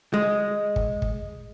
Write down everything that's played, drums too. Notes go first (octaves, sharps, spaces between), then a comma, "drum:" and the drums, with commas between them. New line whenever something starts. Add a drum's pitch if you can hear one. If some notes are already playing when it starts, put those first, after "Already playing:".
G#3
drum: kick
drum: kick